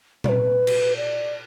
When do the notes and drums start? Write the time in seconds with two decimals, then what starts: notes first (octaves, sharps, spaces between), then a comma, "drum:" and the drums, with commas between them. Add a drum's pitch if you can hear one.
0.24 D5, drum: tom A#2
0.28 B4
0.67 drum: cymbal
0.96 D5